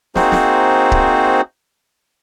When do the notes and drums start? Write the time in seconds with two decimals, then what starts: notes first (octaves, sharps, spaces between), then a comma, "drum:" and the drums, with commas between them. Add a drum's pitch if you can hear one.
0.15 A#3 C4 D#4 F#4 G#4 C5, drum: snare
0.32 drum: snare
0.92 drum: kick C#1